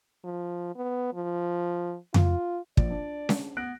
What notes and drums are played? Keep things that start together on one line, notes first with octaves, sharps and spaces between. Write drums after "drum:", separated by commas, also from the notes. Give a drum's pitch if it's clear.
F3
B3
F3
F4, drum: tom F2
A#1 D5, drum: kick
D4
drum: snare C#4
B3 F#6 A#6 D7